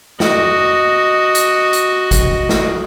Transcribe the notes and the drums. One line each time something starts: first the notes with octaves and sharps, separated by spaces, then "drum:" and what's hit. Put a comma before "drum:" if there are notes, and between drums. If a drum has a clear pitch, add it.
F#4 D#5, drum: snare
drum: hi-hat
drum: hi-hat
drum: kick G#1, hi-hat
drum: snare